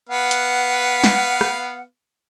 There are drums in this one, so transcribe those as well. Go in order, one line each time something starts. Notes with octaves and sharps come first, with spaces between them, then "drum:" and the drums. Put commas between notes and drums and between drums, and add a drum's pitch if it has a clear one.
B3 B4 F5 F#5
drum: hi-hat
drum: snare
drum: rim click